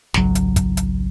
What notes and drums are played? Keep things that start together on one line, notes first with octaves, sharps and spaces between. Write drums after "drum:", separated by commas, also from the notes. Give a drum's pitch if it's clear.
G#1 C#2 F#3, drum: snare
drum: hi-hat
drum: kick, hi-hat
drum: hi-hat